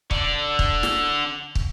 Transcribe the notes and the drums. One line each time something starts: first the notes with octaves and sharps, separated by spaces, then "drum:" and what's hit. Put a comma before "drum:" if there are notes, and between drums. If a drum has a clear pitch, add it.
D3 D5, drum: kick
drum: kick
drum: snare
drum: kick